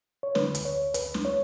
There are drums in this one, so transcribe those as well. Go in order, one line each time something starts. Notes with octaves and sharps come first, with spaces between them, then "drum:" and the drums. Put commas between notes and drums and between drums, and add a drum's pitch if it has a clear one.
C#5
D3 B4, drum: snare
D2, drum: hi-hat
C#5
D2
D2 B4, drum: hi-hat
D2, drum: snare
C#5